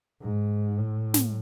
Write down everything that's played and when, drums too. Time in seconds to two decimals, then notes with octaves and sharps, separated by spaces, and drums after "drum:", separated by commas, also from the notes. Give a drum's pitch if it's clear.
0.22 G#2
0.77 A2
1.14 drum: snare